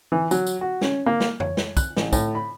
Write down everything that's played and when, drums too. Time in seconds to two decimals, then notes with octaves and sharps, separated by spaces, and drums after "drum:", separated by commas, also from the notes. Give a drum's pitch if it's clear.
0.12 E3
0.31 F#3, drum: tambourine
0.47 drum: tambourine
0.61 F#4
0.81 C#4, drum: snare
1.06 A#3
1.20 drum: snare
1.40 C#5, drum: tom F2
1.57 drum: snare
1.77 F#6, drum: kick, tambourine
1.97 A1, drum: snare
2.13 A2, drum: kick, tambourine
2.35 B5